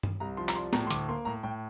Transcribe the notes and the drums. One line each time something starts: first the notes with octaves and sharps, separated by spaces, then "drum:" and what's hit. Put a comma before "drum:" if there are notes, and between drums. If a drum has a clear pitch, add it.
drum: tom G2
C2 A#5
F3 C6
A#5, drum: clap
G3 C6
A2 A#5, drum: snare
C6
D2 D6, drum: hi-hat
A#3 C6
A2 A#5
A2 G5